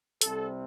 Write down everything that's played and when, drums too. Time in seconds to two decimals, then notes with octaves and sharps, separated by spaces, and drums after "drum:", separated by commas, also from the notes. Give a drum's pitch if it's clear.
0.21 C2 C3 G3 C4 A4, drum: hi-hat